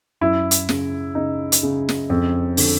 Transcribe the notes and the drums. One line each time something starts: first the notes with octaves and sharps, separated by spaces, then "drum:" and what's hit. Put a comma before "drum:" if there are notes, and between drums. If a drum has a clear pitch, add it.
F#2 E4
drum: hi-hat
C#3, drum: snare
C#3 D#4
drum: hi-hat
C#3
drum: snare
F2
D3, drum: open hi-hat